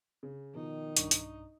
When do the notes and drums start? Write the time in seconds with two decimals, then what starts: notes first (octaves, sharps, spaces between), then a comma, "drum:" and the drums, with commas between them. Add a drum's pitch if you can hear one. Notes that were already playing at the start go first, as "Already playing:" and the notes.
0.23 C#3
0.55 B2 D#3 F3 D#4
0.97 B1 G2 D4 C#6, drum: hi-hat
1.11 drum: hi-hat